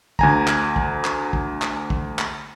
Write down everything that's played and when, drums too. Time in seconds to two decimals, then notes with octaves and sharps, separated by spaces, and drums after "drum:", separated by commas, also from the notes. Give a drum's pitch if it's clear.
0.19 D2 G#5 A#5, drum: kick
0.48 drum: clap
0.76 drum: kick
1.05 drum: clap
1.33 drum: kick
1.62 drum: clap
1.90 drum: kick
2.19 drum: clap